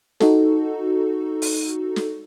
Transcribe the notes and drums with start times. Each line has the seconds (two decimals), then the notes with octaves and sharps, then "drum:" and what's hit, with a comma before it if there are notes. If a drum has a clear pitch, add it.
0.20 D#4 F#4 A4, drum: snare
1.42 drum: open hi-hat
1.96 drum: snare